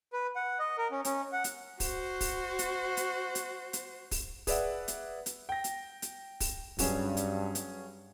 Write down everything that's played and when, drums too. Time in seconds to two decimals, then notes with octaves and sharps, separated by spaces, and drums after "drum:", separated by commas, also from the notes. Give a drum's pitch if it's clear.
0.13 B4
0.36 F#5
0.59 D#5
0.78 A#4
0.91 C#4
1.05 C#4, drum: hi-hat
1.33 F#5
1.44 drum: hi-hat
1.80 F#4 C5, drum: kick, open hi-hat
2.21 drum: kick, open hi-hat
2.59 drum: hi-hat
2.97 drum: hi-hat
3.35 drum: hi-hat
3.73 drum: hi-hat
4.11 drum: kick, open hi-hat
4.47 G#4 B4 D5 E5 F#5, drum: kick, open hi-hat
4.88 drum: hi-hat
5.26 drum: hi-hat
5.49 G5 A#6
5.64 drum: hi-hat
6.02 drum: hi-hat
6.40 drum: kick, open hi-hat
6.79 G2 F#3 C#4 G#4, drum: kick, open hi-hat
7.17 drum: hi-hat
7.55 drum: hi-hat